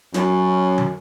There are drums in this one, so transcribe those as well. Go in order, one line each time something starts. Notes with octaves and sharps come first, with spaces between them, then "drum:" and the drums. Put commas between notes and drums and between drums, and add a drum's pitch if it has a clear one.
F#2 C#4, drum: snare
drum: tom